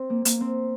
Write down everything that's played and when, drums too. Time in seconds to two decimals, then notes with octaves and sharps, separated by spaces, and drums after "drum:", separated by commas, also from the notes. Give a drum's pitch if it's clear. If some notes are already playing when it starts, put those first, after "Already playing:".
Already playing: C4
0.10 A#3
0.25 A#3, drum: hi-hat
0.41 C4